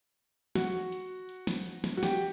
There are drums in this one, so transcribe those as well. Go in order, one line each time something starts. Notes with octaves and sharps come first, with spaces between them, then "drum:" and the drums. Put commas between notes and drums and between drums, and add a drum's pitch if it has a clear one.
F#4, drum: snare
drum: hi-hat
drum: hi-hat
drum: snare
drum: hi-hat
drum: snare
F#4
G4, drum: snare